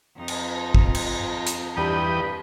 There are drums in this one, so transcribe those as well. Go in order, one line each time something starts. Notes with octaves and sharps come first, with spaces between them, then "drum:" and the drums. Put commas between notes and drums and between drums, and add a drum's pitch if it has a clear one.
F2 D#4 F4
drum: cymbal
drum: kick
drum: cymbal
drum: hi-hat
E2 G2 G4 B5 D#6